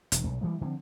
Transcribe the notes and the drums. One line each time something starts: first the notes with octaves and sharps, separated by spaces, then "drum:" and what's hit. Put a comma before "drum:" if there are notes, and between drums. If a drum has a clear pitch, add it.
E1 D#3, drum: hi-hat
B1
E3 G3 G#3 A#3
D3 F3 G#3 C4